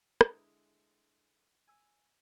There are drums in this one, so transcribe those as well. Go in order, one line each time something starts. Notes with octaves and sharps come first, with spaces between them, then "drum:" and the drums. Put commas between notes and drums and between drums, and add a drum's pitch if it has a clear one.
D3 G#3 E4 D#6, drum: rim click
G#5 E6